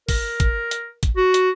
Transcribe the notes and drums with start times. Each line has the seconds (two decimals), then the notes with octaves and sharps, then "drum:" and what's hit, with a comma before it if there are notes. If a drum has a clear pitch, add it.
0.09 A#4, drum: kick, open hi-hat
0.40 drum: kick, hi-hat
0.71 drum: hi-hat
1.03 drum: kick, hi-hat
1.17 F#4
1.34 drum: hi-hat